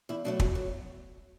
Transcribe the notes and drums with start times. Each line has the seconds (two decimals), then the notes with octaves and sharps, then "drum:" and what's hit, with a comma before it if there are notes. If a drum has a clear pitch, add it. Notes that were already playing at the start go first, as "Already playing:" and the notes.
0.09 E2 E4
0.24 B2 F#3 A3 D4
0.40 B2 F#4, drum: kick
0.55 F#3